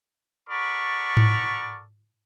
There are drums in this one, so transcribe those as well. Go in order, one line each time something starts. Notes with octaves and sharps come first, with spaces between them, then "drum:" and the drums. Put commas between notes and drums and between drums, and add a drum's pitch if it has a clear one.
F#4 A4 A#4 D5 B5 C#6
drum: tom G#2